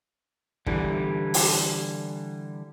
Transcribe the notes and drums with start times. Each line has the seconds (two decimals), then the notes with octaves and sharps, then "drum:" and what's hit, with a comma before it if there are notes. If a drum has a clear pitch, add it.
0.67 D3 E3 G3, drum: kick
1.34 drum: open hi-hat